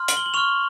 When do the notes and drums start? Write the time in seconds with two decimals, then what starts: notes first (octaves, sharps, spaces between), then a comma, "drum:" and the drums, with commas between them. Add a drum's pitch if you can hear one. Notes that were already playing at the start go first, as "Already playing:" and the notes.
Already playing: C6 F6
0.08 F#7, drum: hi-hat
0.17 G7
0.26 F#7
0.34 C#6 F6 F7